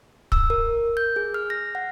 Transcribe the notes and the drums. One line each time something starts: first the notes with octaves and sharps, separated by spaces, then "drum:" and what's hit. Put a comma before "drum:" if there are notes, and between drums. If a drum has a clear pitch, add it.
E6, drum: kick
A#4
G6
G#4
F6
A#6
F#5